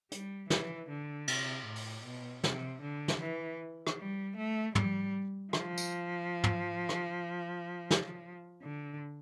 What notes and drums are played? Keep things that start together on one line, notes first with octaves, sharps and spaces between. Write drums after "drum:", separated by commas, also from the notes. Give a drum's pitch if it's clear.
G3, drum: hi-hat
E3, drum: snare
D3
C3, drum: cymbal
A2
drum: open hi-hat
B2
C3, drum: snare
D3
drum: snare
E3
drum: rim click
G3
A3
G3, drum: tom
F3, drum: rim click
drum: tambourine
drum: tom
drum: rim click
drum: snare
D3